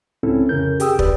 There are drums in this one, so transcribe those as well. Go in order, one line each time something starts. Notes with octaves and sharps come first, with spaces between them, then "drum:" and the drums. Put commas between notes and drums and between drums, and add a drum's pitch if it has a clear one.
C#2 A2 C4 C#4 E4 A4
F2 C#3 C#4 A#4 G6
G4 G#4 G5 D#6 E6, drum: hi-hat
G4 B4 D5, drum: kick